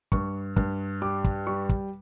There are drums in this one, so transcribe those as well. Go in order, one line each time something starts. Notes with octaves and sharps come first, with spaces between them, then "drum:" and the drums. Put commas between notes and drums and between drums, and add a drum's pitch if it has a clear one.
G2 C#6, drum: kick
G2, drum: kick
G3 D6
drum: kick
G3 C#6
drum: kick